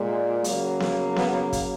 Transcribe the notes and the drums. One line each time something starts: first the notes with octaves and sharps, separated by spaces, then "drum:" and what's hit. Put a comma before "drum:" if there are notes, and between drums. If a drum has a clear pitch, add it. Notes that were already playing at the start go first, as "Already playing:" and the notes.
Already playing: A#2 G#3
C#3 F#3 A#3, drum: hi-hat
drum: snare B3
B3, drum: snare B3
drum: kick, hi-hat